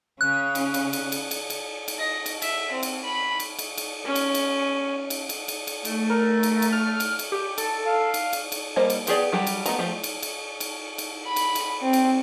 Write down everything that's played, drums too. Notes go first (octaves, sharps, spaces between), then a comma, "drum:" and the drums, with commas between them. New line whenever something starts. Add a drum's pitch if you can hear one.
C#3 C#4 F#6
drum: cymbal
drum: cymbal
drum: cymbal
drum: cymbal
drum: cymbal
drum: cymbal
drum: cymbal
D#5
drum: cymbal
E5, drum: cymbal
C4
drum: cymbal
B5
drum: cymbal
drum: cymbal
drum: cymbal
C#4
drum: cymbal
drum: cymbal
drum: cymbal
drum: cymbal
drum: cymbal
drum: cymbal
A3, drum: cymbal
A#4
drum: cymbal
drum: cymbal
F6
drum: cymbal
drum: cymbal
G4
A4, drum: cymbal
F5
drum: cymbal
drum: cymbal
drum: cymbal
G3 A#3 C5 D#5
drum: cymbal
B3 G4 G#4 D5, drum: cymbal
F#3 G3 G5
drum: cymbal
A3 B3 D#5 A#5, drum: cymbal
F3 A3 G4
drum: cymbal
drum: cymbal
drum: cymbal
drum: cymbal
B5
drum: cymbal
drum: cymbal
C4
drum: cymbal